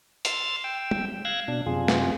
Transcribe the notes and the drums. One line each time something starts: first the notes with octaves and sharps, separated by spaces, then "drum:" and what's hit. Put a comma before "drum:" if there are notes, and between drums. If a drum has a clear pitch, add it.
C6 E6 F6 A6, drum: hi-hat
G5 E6
drum: tom
F5 E6 F#6 G#6 A#6
B2 D4
F#2 C3 F4 G#4
drum: snare